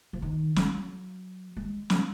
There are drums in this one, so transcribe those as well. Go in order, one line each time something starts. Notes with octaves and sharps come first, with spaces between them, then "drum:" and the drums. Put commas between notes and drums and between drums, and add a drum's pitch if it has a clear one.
F3
D#3
F#3, drum: snare
G#3
F3, drum: snare